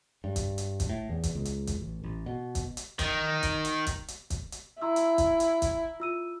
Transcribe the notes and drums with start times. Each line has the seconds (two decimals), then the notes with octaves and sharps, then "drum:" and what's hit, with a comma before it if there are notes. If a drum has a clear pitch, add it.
0.24 G2
0.36 drum: kick, hi-hat
0.58 drum: hi-hat
0.80 drum: kick, hi-hat
0.89 A2
1.09 E2
1.23 drum: kick, hi-hat
1.35 C#2
1.45 drum: hi-hat
1.67 drum: kick, hi-hat
1.80 A1
2.04 A1
2.26 B2
2.55 drum: kick, hi-hat
2.77 drum: hi-hat
2.99 D#3, drum: kick, hi-hat
3.43 drum: kick, hi-hat
3.65 drum: hi-hat
3.86 drum: kick, hi-hat
4.08 drum: hi-hat
4.30 drum: kick, hi-hat
4.52 drum: hi-hat
4.82 E4 A#5 C6 E6
4.96 drum: hi-hat
5.18 drum: kick, hi-hat
5.40 drum: hi-hat
5.62 drum: kick, hi-hat
6.00 F4 E6 D#7